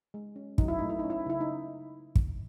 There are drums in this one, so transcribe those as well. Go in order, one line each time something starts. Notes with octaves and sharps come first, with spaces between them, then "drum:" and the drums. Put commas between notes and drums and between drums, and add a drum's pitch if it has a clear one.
G#3
C#4
F#3 D#4, drum: kick
E4
A3 D#4
E4
C#4 D#4
E4
D#4
C#3 E4
D#4
drum: kick